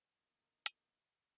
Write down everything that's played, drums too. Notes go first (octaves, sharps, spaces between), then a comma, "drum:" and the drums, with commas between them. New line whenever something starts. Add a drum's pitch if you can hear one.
B1 D3 A#3 F4 D#5 A#5
drum: hi-hat